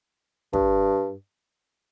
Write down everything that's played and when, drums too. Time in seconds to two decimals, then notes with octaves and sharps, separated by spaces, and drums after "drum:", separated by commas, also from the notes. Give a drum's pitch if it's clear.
0.53 G2, drum: kick